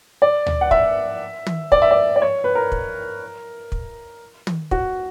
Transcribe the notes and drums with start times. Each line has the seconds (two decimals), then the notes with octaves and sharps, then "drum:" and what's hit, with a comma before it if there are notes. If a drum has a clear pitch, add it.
0.22 D5
0.46 drum: tom D2
0.61 F#5
0.71 E5, drum: kick
1.47 drum: tom
1.72 D5, drum: kick
1.82 E5
1.91 D5
2.16 D5
2.22 C#5
2.44 B4
2.55 A#4
2.72 drum: kick
3.72 drum: kick
4.47 drum: tom
4.71 F#4, drum: kick